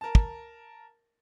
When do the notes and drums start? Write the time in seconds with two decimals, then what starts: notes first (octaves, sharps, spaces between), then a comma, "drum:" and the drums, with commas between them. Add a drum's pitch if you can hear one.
0.01 A#4 A5
0.15 drum: kick